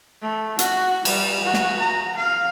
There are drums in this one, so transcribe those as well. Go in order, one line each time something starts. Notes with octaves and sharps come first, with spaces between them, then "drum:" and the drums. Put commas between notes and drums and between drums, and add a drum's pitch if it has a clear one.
A3
F#4, drum: hi-hat
G3, drum: cymbal
F#4
drum: snare
A#5
F5